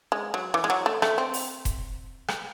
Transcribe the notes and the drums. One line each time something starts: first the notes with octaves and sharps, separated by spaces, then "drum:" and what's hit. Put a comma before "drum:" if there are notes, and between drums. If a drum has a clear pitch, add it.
G#3
F#3
E3
G#3
F#3
A3
A3, drum: rim click
C4
drum: open hi-hat
drum: kick E1, hi-hat
drum: rim click